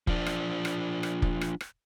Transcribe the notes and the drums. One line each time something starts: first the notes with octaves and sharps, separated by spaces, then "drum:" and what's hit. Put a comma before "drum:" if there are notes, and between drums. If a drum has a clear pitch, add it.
F3 D4, drum: kick
drum: rim click
drum: rim click
drum: rim click
drum: kick
drum: rim click
drum: rim click